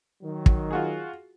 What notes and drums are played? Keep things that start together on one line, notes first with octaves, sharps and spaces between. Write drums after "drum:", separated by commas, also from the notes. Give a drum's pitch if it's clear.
D#3 F#3
drum: kick
F4 F#4 G#4